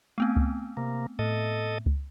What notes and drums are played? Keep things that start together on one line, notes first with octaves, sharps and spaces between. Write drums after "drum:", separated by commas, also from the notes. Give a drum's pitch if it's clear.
A3 B3 C4
drum: kick C#2
C3 A#3
A2 A4 D#5
drum: kick C#2